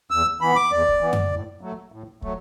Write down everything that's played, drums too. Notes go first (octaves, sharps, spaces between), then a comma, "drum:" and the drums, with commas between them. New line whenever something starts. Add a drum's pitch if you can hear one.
E2 E6
E3 B3 B5
D6
E2 D5
drum: kick
E3 B3
drum: tom F#2
A2
F#3 A3
A2
F#3 A3, drum: kick